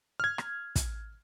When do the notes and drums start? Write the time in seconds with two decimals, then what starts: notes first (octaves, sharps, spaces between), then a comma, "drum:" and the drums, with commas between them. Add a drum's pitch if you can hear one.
0.20 F6 G#6
0.38 drum: rim click
0.76 drum: kick, hi-hat